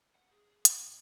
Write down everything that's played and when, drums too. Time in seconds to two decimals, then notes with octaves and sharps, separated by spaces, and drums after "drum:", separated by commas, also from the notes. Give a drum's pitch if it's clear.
0.15 F#5
0.31 G#4
0.65 drum: hi-hat
0.78 B2